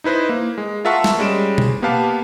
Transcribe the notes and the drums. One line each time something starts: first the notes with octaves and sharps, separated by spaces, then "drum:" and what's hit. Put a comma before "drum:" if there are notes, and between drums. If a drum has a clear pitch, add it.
D#4 E4 B4 C5 D#5
A#3
G#3
F4 A#4 E5 F#5 A5 C#6
drum: snare
G3 G#3 C#4 D7 E7
drum: tom B2
A#3 B3 G4 B4 F5 A5